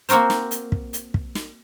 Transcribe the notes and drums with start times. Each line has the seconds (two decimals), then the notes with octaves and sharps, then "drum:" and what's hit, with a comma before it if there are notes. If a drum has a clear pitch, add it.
0.09 A#3 C4 F#4 A#4 C5, drum: hi-hat
0.30 drum: snare
0.51 drum: hi-hat
0.72 drum: kick
0.93 drum: hi-hat
1.14 drum: kick
1.35 drum: snare